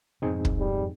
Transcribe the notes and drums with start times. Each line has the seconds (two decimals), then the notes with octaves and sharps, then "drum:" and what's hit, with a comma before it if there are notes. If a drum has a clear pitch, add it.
0.22 F2 G#2 B2 C4 D#4 G#4
0.45 drum: kick
0.60 G3